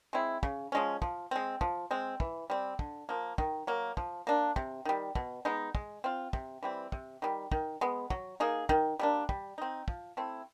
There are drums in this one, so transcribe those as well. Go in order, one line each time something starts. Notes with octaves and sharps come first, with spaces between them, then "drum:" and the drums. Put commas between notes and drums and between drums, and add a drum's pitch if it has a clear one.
G#3 C4 E4
C#3, drum: kick
F3 G#3 C#4
F3, drum: kick
G#3 C4
F3, drum: kick
G#3 C4
E3, drum: kick
G3 C4
D3, drum: kick
F3 A#3
D#3, drum: kick
F#3 A#3
F3, drum: kick
A#3 D4
C3, drum: kick
D#3 G3
B2, drum: kick
G#3 B3 D#4
G#3, drum: kick
C4 F4
C3, drum: kick
E3 G3 C4
C3, drum: kick
D#3 G3
D#3, drum: kick
G#3 B3
F#3, drum: kick
A#3 D#4 G#4
D#3, drum: kick
G3 A#3 D4
G3, drum: kick
C4 D#4
F3, drum: kick
A3 C4 E4